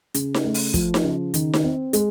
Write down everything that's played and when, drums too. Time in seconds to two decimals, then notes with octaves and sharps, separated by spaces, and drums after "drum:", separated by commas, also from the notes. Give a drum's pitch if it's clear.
0.14 C#3, drum: hi-hat
0.34 drum: snare D#4
0.44 A3
0.54 drum: open hi-hat
0.74 F3, drum: kick, hi-hat
0.94 drum: snare D#4
1.04 C#3
1.34 D#3, drum: hi-hat
1.53 drum: snare D#4
1.63 C4
1.93 G#3, drum: hi-hat